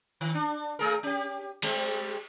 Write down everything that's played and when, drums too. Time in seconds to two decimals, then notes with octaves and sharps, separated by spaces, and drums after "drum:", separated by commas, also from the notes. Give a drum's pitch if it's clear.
0.21 D#3
0.34 D4
0.79 A3 G#4 A#4
1.03 C#4 G4
1.62 G3 G#3 C4, drum: cymbal